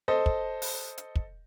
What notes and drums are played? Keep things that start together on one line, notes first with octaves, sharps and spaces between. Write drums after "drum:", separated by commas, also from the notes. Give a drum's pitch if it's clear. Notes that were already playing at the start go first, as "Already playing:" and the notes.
A4 C5 D#5
drum: kick
drum: open hi-hat
drum: hi-hat
drum: kick